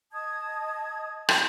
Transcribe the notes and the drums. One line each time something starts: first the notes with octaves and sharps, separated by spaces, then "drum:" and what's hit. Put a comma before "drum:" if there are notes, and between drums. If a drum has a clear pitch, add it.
D#5 A5 D#6 G#6
drum: rim click